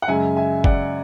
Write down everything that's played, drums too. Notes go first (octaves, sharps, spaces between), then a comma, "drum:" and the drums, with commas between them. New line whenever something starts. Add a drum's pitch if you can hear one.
F#5
F#2 C#3 G#3 E5 G#5
E5 G#5
D5 F#5, drum: kick F#1